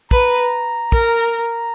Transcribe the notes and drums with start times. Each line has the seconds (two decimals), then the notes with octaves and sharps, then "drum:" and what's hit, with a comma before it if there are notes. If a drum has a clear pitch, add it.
0.11 B4 A#5, drum: kick
0.92 A#4, drum: kick